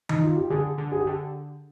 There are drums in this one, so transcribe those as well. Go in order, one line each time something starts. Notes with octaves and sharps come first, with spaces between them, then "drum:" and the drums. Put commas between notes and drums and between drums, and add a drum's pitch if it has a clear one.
D#4, drum: tom D#3
F4
G4
D3 G#4
D3
G#4
G4
D3